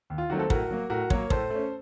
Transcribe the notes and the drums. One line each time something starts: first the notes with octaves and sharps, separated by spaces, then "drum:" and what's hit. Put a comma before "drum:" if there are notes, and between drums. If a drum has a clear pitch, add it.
D#2
F4
D#3 F#3 A3 C4 F#4
A4
A2 F#4 A#4, drum: kick
F#3 A#3
A2 F#4 A#4
F#3 A#3 A#4 C#5, drum: kick
A2 A4 C5, drum: kick
A3 C#4